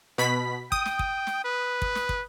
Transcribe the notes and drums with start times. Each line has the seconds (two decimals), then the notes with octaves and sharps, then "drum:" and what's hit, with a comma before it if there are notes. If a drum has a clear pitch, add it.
0.18 B2 B5 B6
0.72 G5 D#6, drum: kick
0.86 drum: snare
0.99 drum: kick
1.27 drum: snare
1.44 B4
1.82 drum: kick
1.95 drum: snare
2.09 drum: kick